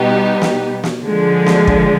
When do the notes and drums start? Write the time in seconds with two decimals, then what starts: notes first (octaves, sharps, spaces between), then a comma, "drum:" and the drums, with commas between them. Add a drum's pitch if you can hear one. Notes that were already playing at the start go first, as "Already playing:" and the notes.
Already playing: B2 G3 B3 D#4 G4
0.42 drum: snare
0.84 drum: snare
1.04 D3 F3 G#3
1.46 drum: snare
1.67 drum: kick